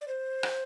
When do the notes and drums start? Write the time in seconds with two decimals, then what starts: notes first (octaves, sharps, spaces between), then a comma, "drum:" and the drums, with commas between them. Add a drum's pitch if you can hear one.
0.01 D5
0.08 C5
0.43 drum: rim click